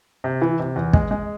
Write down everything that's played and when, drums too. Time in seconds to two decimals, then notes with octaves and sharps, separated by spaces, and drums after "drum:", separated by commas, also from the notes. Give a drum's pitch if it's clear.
0.24 C3
0.41 E3
0.59 C3
0.76 E2
0.93 G#3, drum: kick
1.11 G#3